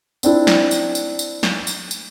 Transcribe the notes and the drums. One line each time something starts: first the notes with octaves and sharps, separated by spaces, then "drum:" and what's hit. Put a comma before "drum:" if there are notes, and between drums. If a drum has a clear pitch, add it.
C4 D4 E4, drum: tambourine
drum: snare
drum: tambourine
drum: tambourine
drum: tambourine
drum: snare
drum: tambourine
drum: tambourine